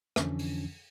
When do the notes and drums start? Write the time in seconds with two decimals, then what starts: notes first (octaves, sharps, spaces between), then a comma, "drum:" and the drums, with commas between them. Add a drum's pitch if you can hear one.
0.16 F2 D3 E3 F3 C#4 D4, drum: rim click
0.39 drum: open hi-hat